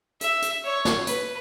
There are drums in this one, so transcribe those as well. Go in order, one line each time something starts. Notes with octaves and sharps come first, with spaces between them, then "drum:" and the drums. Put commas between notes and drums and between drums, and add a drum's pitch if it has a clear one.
E5, drum: hi-hat
drum: hi-hat
C#5
drum: snare
B4, drum: hi-hat